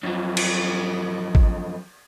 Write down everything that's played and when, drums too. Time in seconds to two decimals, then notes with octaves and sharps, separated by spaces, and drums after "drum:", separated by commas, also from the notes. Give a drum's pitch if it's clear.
0.03 F#2 F3
0.37 drum: cymbal
1.35 drum: kick